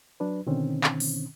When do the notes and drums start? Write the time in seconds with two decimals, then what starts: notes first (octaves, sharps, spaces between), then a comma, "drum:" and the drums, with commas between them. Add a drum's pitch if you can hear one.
0.20 F#3 D4 B4
0.47 B2 D3 D#3 C4 C#4
0.84 drum: clap
1.00 drum: open hi-hat